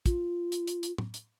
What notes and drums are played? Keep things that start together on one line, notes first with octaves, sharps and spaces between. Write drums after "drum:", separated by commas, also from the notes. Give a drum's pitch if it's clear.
F4, drum: kick, hi-hat
drum: hi-hat
drum: hi-hat
drum: hi-hat
drum: tom
drum: hi-hat